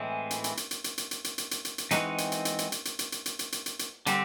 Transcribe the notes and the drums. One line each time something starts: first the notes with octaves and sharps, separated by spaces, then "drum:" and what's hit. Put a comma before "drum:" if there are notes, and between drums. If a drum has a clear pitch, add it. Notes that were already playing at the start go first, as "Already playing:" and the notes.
Already playing: A2 E3 G#3 C4
drum: hi-hat
drum: hi-hat
drum: hi-hat
drum: hi-hat
drum: hi-hat
drum: hi-hat
drum: hi-hat
drum: hi-hat
drum: hi-hat
drum: hi-hat
drum: hi-hat
drum: hi-hat
E3 G#3 C4 D#4 F#4, drum: hi-hat
drum: hi-hat
drum: hi-hat
drum: hi-hat
drum: hi-hat
drum: hi-hat
drum: hi-hat
drum: hi-hat
drum: hi-hat
drum: hi-hat
drum: hi-hat
drum: hi-hat
drum: hi-hat
drum: hi-hat
D3 G3 C4, drum: hi-hat